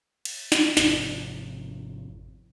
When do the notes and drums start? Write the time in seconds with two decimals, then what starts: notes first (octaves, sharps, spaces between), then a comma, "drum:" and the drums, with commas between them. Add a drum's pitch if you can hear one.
0.25 drum: cymbal
0.52 drum: snare
0.77 G#1 F2 C3, drum: snare